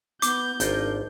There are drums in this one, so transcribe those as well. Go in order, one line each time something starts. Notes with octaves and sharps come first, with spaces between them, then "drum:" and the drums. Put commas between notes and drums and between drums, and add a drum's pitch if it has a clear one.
B3 D6 G6, drum: hi-hat
G#1 D4 F4 A#4, drum: hi-hat